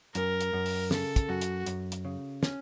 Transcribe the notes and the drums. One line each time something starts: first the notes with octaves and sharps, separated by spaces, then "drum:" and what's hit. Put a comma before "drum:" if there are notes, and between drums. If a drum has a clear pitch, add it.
F#2 A#4, drum: hi-hat
drum: hi-hat
F#2
drum: open hi-hat
C#3 A4, drum: snare
drum: kick, hi-hat
F#2 F#4
drum: hi-hat
F#2, drum: hi-hat
drum: hi-hat
C#3
C#4, drum: snare